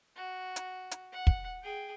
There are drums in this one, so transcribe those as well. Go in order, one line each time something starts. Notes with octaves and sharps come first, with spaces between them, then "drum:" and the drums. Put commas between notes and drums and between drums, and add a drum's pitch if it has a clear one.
F#4
drum: hi-hat
drum: hi-hat
F#5
drum: kick
G#4 G5